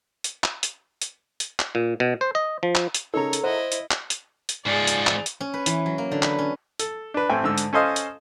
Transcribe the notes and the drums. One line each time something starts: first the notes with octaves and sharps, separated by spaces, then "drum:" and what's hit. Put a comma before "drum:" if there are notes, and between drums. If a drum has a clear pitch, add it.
drum: hi-hat
drum: clap
drum: hi-hat
drum: hi-hat
drum: hi-hat
drum: clap
A#2
B2
C5
D#5
F3
drum: clap
drum: hi-hat
C#3 D#4 A4 A#4 C#5 A#5
drum: hi-hat
E4 C5 D#5 F#5
drum: hi-hat
drum: clap
drum: hi-hat
drum: hi-hat
G#2 F3 G#4 D5
drum: hi-hat
drum: clap
drum: hi-hat
C#4
B4
E3, drum: hi-hat
F#3
A#3
D3
B4, drum: clap
C#4
A4, drum: hi-hat
D4 B4
A1 A3 C4 G5 G#5
G#2 D3 E6
drum: hi-hat
C#4 A4 C5 D#5 F5
drum: hi-hat